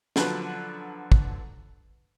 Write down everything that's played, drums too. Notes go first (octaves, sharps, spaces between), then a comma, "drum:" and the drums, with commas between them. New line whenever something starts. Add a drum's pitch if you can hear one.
D3 F3 F#3 B4, drum: snare
drum: kick